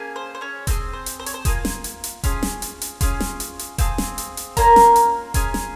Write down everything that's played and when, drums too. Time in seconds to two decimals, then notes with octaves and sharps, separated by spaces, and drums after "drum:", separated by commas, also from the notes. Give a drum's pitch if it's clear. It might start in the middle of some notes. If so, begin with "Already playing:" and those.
Already playing: A#3 C#4 G#4
0.16 C5
0.35 C5
0.41 C#4 C#5
0.67 C4 F4 G#4 C5, drum: kick E1, hi-hat
0.93 C5
1.06 drum: hi-hat
1.20 C5
1.26 C#5, drum: hi-hat
1.34 C5
1.45 A#3 F4 G#4 G#5, drum: kick E1, hi-hat
1.65 drum: snare
1.84 drum: hi-hat
2.04 drum: hi-hat
2.23 C#4 F4 G#4, drum: kick E1, hi-hat
2.43 drum: snare
2.62 drum: hi-hat
2.81 drum: hi-hat
3.01 C#4 F4 G#4, drum: kick E1, hi-hat
3.20 drum: snare
3.40 drum: hi-hat
3.59 drum: hi-hat
3.78 C4 F4 G#4, drum: kick E1, hi-hat
3.98 drum: snare
4.18 drum: hi-hat
4.37 drum: hi-hat
4.57 A#3 C#4 F4 A#4 A#5, drum: kick E1, hi-hat
4.76 drum: snare
4.96 drum: hi-hat
5.34 C#4 F4 G#4, drum: kick E1, hi-hat
5.54 drum: snare